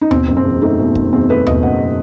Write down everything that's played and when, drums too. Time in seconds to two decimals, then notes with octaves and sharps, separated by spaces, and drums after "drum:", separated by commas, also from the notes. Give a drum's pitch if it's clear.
0.01 D#4
0.11 B2 C4, drum: tom D#2
0.28 F#1
0.37 C4
0.44 E2
0.62 A3 D#4
0.79 B2
0.95 F#1, drum: kick
1.12 E2 C4
1.29 A3 B4
1.46 B2 D#5, drum: tom D#2
1.62 F#1 F#5